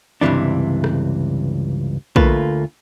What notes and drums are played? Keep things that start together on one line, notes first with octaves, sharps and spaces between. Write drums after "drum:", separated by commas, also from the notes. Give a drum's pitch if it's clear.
C#2 G2 C3 E3 D4
drum: rim click
D2 A3 A#3 F4 B4, drum: kick A#1